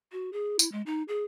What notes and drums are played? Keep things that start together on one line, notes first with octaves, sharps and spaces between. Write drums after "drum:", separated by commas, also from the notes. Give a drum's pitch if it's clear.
F#4
G#4
E4, drum: tambourine
G#3
D#4
G#4